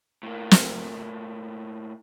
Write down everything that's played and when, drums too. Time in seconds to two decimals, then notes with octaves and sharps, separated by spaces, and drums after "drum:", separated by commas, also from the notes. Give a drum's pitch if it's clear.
0.23 A2 A#3
0.51 drum: snare